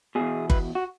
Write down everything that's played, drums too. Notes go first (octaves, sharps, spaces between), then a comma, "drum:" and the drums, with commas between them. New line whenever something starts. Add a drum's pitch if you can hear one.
E2 B2 G#4
B4, drum: kick G1
F#4